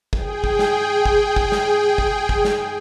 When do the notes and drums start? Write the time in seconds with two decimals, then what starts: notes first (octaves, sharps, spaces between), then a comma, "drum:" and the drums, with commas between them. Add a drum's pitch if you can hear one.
0.13 G#4 G5, drum: kick
0.44 drum: kick
0.59 drum: snare
1.06 drum: kick
1.36 drum: kick
1.52 drum: snare
1.98 drum: kick
2.29 drum: kick
2.45 drum: snare